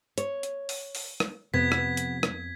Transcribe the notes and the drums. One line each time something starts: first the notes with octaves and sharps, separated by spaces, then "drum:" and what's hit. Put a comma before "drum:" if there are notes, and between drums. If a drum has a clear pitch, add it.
C#5, drum: hi-hat
drum: hi-hat
drum: open hi-hat
drum: open hi-hat
drum: rim click
F2 C3 B3 G#6 B6
drum: rim click
drum: hi-hat
drum: rim click